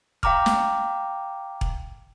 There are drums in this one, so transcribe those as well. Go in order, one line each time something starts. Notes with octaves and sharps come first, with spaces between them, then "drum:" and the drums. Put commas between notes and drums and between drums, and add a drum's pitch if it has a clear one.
F5 G5 A#5 D6 F6, drum: kick E1
drum: snare
drum: kick E1